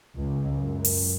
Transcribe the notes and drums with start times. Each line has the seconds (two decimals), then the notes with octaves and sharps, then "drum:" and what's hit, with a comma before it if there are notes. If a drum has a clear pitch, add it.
0.15 C#2
0.59 F#2
0.85 drum: open hi-hat